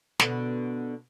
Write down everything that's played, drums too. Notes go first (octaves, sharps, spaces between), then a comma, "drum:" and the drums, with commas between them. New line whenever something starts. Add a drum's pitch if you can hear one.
B2 D3 B3, drum: snare